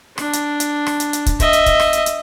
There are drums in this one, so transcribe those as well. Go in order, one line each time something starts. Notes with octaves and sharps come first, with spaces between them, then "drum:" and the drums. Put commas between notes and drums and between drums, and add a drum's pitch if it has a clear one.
D4, drum: rim click
drum: hi-hat
drum: hi-hat
drum: rim click
drum: hi-hat
drum: hi-hat
drum: kick, hi-hat
D#5 E5, drum: kick, hi-hat
drum: hi-hat
drum: kick, hi-hat
drum: rim click
drum: hi-hat
drum: hi-hat